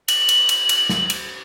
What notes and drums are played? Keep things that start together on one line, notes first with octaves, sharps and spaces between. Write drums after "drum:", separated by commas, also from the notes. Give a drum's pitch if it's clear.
F#7, drum: cymbal
drum: cymbal
drum: cymbal
drum: cymbal
drum: snare
drum: cymbal